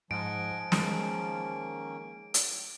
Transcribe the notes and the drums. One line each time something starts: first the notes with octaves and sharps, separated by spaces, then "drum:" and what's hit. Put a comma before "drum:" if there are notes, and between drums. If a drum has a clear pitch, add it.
G#2 F3 D#5 F#5 G#5 D7
D#3 G#3 A#3 C#4, drum: snare
drum: hi-hat